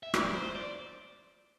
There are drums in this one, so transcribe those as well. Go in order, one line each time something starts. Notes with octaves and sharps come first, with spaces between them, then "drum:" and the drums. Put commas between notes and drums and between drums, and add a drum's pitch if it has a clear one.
E5
D5, drum: rim click
C5
D5